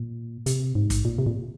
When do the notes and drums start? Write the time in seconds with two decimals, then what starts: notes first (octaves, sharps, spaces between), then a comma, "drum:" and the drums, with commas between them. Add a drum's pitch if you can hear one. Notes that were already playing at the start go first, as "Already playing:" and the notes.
Already playing: A#2
0.46 C3, drum: hi-hat
0.75 G#2
0.90 drum: kick, hi-hat
1.05 A#2
1.18 C3
1.26 A#2